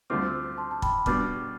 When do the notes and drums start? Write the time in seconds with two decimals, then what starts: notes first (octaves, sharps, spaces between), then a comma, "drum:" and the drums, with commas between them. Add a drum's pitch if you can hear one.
0.10 D2 D3 A3 C4 F4 D6 F6
0.26 C6 E6
0.57 A5 C6
0.71 A5
0.82 G5 B5, drum: kick
1.06 B2 G3 D4 D6 F6, drum: kick